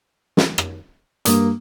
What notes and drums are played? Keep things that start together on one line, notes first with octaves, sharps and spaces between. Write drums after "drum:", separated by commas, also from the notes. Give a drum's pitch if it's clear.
drum: snare
drum: rim click
G2 A#3 D#6, drum: hi-hat